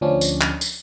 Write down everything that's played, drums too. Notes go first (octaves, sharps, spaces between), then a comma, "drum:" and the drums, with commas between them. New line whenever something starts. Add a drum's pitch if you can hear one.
D2 F3 C#4 D4
drum: tambourine
drum: clap
drum: tambourine